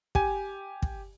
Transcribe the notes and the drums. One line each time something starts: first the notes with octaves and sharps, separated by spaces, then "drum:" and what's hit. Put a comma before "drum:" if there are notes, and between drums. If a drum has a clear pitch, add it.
G4 G#5, drum: kick
drum: kick